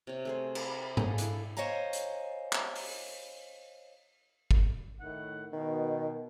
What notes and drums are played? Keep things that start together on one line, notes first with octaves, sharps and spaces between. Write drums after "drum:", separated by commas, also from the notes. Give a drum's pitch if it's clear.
C3 C#5
A3 G#4 C5
A#4, drum: cymbal
A#3 G#4 A4 D#5, drum: tom G#2
D4 E4 A4, drum: hi-hat
C5 C#5 D#5 F5 G#5 A#5
drum: hi-hat
drum: clap
drum: open hi-hat
drum: kick
A2 D#3 F#5
B2 D#3